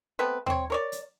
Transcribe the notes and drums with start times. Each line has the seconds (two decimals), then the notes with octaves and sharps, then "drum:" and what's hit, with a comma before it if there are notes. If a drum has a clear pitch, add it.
0.19 A3 B3 C4 B4
0.46 C4 C#5, drum: tom D#2
0.70 A#4 C#5 D5
0.92 drum: hi-hat